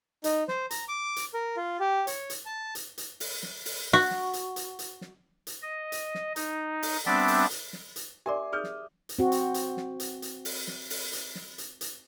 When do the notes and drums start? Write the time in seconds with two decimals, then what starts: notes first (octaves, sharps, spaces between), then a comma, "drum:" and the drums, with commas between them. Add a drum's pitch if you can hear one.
0.24 D#4, drum: hi-hat
0.48 C5, drum: snare
0.71 A#5, drum: hi-hat
0.88 D6
1.16 drum: hi-hat
1.34 A#4
1.57 F4
1.80 G4
2.07 C#5, drum: hi-hat
2.30 drum: hi-hat
2.46 A5
2.75 drum: hi-hat
2.98 drum: hi-hat
3.20 drum: open hi-hat
3.43 drum: snare
3.65 drum: open hi-hat
3.93 F#4
4.11 drum: snare
4.33 drum: hi-hat
4.56 drum: hi-hat
4.79 drum: hi-hat
5.01 drum: snare
5.47 drum: hi-hat
5.62 D#5
5.92 drum: hi-hat
6.15 drum: snare
6.36 D#4, drum: hi-hat
6.83 drum: open hi-hat
7.06 G3 B3 C4 D4 D5 E5, drum: snare
7.28 drum: open hi-hat
7.50 drum: hi-hat
7.73 drum: snare
7.96 drum: hi-hat
8.26 G4 A#4 D5 E5 G#5 C6 D6
8.53 G#4 D#6 F6 G6
8.64 drum: snare
9.09 drum: hi-hat
9.19 C4 F#4
9.32 drum: hi-hat
9.54 drum: hi-hat
9.77 drum: snare
10.00 drum: hi-hat
10.22 drum: hi-hat
10.45 drum: open hi-hat
10.68 drum: snare
10.90 drum: open hi-hat
11.13 drum: hi-hat
11.35 drum: snare
11.58 drum: hi-hat
11.81 drum: hi-hat